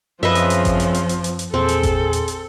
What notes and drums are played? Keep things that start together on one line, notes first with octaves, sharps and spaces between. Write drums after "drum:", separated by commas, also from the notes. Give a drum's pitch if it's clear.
F#2 C#3 F3 C4 B4 D#5 E5
drum: hi-hat
drum: hi-hat
drum: kick G#1, hi-hat
drum: hi-hat
drum: hi-hat
drum: hi-hat
drum: hi-hat
drum: hi-hat
E2 A#2 C4 G#4 A4
drum: hi-hat
drum: kick G#1, hi-hat
drum: hi-hat
drum: hi-hat